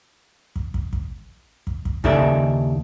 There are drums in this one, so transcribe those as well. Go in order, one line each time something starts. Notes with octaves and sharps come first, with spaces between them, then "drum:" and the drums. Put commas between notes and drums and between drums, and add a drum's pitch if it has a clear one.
drum: kick
drum: kick
drum: kick
drum: kick
drum: kick
D#2 C#3 D#4 A4 D5 E5, drum: kick